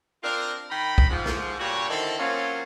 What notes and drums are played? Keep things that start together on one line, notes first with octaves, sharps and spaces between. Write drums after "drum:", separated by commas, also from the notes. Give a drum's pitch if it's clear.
C4 D4 F4 A#4
D#3 G5 A#5 B5
drum: kick B1
G#2 F3
drum: snare
G2 A#2 F#4 G4 C#5
D3 D#3 C4 E4 A4
F#3 A#3 C4 C#4 F4